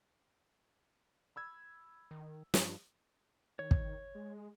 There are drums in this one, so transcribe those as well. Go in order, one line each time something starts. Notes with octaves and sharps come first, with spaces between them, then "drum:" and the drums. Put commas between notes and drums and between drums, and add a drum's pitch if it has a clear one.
B5 E6 G#6
D#3
G2 F3 C#4, drum: snare
D#3 C#5
drum: kick
G#3